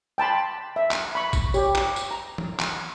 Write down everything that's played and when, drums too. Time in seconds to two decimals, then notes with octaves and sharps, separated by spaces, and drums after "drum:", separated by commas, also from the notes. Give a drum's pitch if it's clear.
0.18 G5 A5 B5 C6
0.76 E5
0.91 drum: clap
1.15 B5 C#6
1.33 drum: kick, tambourine
1.54 G4 C#5, drum: tambourine
1.75 drum: clap
1.96 drum: tambourine
2.11 A#5
2.38 drum: tom E3
2.59 drum: clap